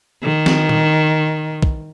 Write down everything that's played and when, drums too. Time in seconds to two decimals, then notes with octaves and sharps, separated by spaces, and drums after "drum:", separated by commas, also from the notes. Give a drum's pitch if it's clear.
0.23 D#3
0.46 drum: snare
0.69 drum: tom A#2
1.63 drum: kick